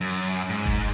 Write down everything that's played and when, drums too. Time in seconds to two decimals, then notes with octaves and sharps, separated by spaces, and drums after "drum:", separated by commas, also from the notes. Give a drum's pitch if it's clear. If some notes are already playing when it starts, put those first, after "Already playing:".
0.01 F#2
0.49 G#2
0.66 drum: kick F#1